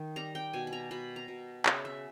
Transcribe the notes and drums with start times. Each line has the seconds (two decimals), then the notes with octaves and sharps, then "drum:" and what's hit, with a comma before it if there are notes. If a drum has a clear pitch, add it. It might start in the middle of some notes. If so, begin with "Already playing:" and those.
Already playing: D#3
0.16 G3 A#5
0.35 G5
0.53 B2 G#5
0.67 B5
0.73 A#5
0.91 B2 B5
1.16 A#5
1.28 B2
1.66 C#3 E5, drum: clap
1.85 E5